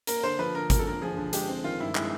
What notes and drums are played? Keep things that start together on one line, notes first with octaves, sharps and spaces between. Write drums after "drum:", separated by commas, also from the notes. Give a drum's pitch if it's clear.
A#3 A#4, drum: hi-hat
D3 C5
F3 B4
D3 A#4
A#3 A#4, drum: kick, hi-hat
A4
D3 A#4
F3 G#4
D3
G#3 G4, drum: hi-hat
C4
D#3 F4
G2 E4
G#3 E4, drum: clap